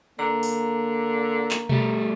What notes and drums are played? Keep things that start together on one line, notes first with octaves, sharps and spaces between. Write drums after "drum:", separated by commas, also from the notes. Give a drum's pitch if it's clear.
D3 A#3 A#5
drum: open hi-hat
drum: clap
G3 A3, drum: tom B2